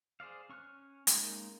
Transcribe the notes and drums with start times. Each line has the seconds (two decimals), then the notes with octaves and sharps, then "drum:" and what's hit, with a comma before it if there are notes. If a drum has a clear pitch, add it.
0.20 G#4 C5 D5 F5
0.49 C#4 C#6 F6 F#6
1.07 G#3 A#3 C#4 D#4, drum: hi-hat